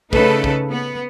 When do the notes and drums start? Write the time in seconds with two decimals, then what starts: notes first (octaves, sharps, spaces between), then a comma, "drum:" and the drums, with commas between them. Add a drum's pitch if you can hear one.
0.13 C#3 A3 D#4 A4 B4, drum: kick
0.44 drum: kick
0.70 B3